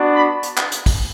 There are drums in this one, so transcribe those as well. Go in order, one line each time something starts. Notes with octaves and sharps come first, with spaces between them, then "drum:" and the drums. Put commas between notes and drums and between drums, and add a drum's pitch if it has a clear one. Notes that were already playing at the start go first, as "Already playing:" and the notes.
Already playing: B3 D4 F#4
B5
drum: hi-hat
drum: clap
drum: hi-hat
drum: kick, open hi-hat